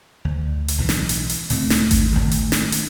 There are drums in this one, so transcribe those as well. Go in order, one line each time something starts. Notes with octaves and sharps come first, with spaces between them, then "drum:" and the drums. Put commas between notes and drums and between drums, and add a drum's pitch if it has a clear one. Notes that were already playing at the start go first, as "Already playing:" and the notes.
D2
drum: hi-hat
B1 A2 E3
drum: snare
drum: hi-hat
drum: hi-hat
C#2 A2 A3 C4, drum: open hi-hat
drum: snare
drum: kick G#1, hi-hat
B1 F2 A2 D#3
drum: hi-hat
drum: snare
drum: hi-hat